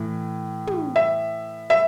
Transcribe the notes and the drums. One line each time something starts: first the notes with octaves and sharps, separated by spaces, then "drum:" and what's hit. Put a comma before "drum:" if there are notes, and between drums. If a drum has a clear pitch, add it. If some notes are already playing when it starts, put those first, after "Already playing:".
Already playing: A2 E3
drum: tom
E5
E5